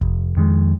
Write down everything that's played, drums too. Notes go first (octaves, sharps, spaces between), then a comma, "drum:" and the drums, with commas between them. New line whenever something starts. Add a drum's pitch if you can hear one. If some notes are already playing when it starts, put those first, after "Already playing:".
F1, drum: kick F#1
F2 D#3 G#3